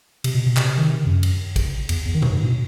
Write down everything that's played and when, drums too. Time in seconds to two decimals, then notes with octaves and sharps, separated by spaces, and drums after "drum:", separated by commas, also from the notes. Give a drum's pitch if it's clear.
0.24 C3, drum: cymbal
0.35 B2
0.46 B2
0.57 C3, drum: clap
0.78 D#3
0.90 C3
1.06 F#2
1.23 drum: cymbal
1.56 drum: kick A1, cymbal
1.89 E2, drum: cymbal
2.05 E2
2.14 D#3
2.22 B2, drum: tom A#2
2.30 G2
2.39 A2
2.46 B2